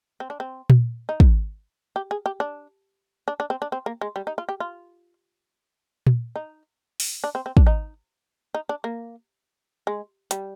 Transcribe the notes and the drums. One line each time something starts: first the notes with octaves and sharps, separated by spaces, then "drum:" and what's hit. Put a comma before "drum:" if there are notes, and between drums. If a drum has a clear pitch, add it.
C4
D4
C4
drum: tom A#2
D#4
drum: kick
G4
G#4
G4
D4
D4
D4
C4
D4
C4
A#3
G#3
G3
D#4
F4
G4
F4
drum: tom A#2
D#4
drum: open hi-hat
D4
C4
C4
D4, drum: kick
D#4
D#4
D4
A#3
G#3
G3, drum: hi-hat